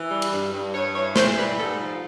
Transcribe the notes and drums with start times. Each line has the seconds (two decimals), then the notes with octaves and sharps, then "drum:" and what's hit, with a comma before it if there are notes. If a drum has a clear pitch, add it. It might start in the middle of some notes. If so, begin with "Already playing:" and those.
Already playing: E3
0.10 G3
0.22 drum: cymbal
0.31 G2
0.52 G2
0.74 G2 C#5
0.94 E3 C#5
1.16 E3 C5, drum: snare
1.37 G3 B4
1.58 G#2 A4
1.79 F3